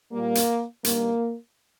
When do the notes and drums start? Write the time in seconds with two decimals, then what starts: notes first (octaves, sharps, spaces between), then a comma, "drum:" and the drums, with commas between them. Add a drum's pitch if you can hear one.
0.11 A#2 G3 A#3
0.35 drum: hi-hat
0.84 G2 D#3 G3 A#3, drum: hi-hat